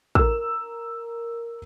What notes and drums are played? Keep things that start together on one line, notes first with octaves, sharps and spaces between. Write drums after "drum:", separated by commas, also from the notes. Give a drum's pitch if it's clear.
A#4 E6, drum: kick